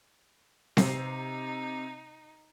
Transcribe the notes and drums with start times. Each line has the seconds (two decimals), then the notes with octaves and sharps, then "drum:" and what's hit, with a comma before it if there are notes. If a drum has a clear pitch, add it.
0.77 C3 C4 D#4 C7, drum: snare C4